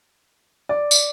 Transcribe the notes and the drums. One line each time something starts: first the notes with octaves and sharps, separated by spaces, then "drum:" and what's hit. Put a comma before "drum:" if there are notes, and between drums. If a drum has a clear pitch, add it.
D5
drum: tambourine